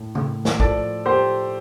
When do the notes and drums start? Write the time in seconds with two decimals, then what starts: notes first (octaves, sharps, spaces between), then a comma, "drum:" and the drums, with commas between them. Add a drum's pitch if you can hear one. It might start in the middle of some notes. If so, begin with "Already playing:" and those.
Already playing: A2 A3
0.15 A2, drum: tom C#3
0.45 drum: snare
0.60 F3 A4 D5, drum: kick
1.06 A3 G4 C5